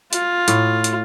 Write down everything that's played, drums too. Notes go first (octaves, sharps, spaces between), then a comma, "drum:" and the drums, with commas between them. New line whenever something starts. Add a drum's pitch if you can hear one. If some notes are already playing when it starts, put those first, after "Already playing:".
F4, drum: hi-hat
A2, drum: hi-hat
drum: hi-hat